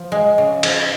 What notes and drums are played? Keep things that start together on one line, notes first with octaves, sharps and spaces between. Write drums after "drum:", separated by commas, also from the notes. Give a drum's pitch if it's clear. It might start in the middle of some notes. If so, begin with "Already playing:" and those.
Already playing: F3
G#3
C#3
F3, drum: cymbal